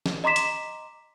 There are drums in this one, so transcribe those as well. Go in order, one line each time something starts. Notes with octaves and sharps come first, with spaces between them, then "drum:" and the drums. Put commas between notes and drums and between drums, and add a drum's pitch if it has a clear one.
drum: snare
D#5 A#5 C6 D6 B6 E7
drum: hi-hat